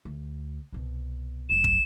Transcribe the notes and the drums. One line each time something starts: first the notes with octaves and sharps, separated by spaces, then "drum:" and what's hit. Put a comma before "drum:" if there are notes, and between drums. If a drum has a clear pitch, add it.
D2
C2 B2
F1 F#3 E7
drum: kick